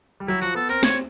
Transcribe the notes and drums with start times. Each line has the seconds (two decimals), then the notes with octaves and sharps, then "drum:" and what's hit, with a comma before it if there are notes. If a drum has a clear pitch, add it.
0.20 G3
0.27 F#3 E4
0.41 F3 F#4, drum: tambourine
0.55 B3 A4
0.69 C4 A#4, drum: tambourine
0.83 C4 C#5, drum: snare